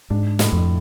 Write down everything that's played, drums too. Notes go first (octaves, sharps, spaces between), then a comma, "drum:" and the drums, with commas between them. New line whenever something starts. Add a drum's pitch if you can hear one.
G#2 D4
A2, drum: snare
F2